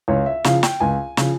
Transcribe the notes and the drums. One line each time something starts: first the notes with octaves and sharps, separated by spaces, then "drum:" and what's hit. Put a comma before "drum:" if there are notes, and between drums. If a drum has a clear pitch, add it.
C#2 C#5
E5
C#3 F3 F5, drum: snare
G5, drum: snare
C#2 G#5
C#3 F3, drum: snare